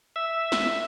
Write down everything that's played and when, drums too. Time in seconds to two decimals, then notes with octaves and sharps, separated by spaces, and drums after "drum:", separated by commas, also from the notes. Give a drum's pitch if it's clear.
0.16 E5
0.52 drum: snare